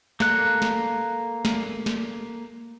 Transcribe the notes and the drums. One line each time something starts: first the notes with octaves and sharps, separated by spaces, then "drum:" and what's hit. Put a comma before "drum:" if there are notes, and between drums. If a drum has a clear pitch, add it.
A#3 A4 F#6, drum: snare
drum: snare
drum: snare
drum: snare